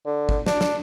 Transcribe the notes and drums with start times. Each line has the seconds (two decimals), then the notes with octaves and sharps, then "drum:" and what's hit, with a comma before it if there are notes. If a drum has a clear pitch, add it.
0.06 D3
0.29 drum: kick G1
0.46 D4, drum: snare
0.61 drum: snare